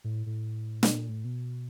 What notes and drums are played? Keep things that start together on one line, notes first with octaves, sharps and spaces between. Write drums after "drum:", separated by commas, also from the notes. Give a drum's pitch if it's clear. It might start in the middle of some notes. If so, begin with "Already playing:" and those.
A2
A2
B2, drum: snare
A#2
A2
B2